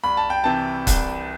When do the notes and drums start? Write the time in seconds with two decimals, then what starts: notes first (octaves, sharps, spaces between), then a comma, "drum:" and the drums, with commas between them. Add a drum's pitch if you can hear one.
0.04 C2 B5
0.17 A5
0.30 G5
0.44 C3 E3 A5
0.87 C2, drum: kick, hi-hat